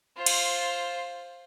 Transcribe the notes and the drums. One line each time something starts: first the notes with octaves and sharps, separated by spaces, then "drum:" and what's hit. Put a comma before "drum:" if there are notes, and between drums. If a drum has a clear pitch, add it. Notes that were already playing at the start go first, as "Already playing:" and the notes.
F4 C5
drum: cymbal